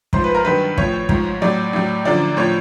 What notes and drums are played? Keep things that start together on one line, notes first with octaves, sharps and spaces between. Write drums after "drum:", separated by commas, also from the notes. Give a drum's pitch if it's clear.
G#2 F3 C5, drum: kick
B4
A#4
G2 D#3 F#3 B4
A2 F3 C#5, drum: kick
G#2 F3, drum: kick
A2 F#3 D5
A2 F#3
F#2 D3 F3 D5
A2 F3 C#5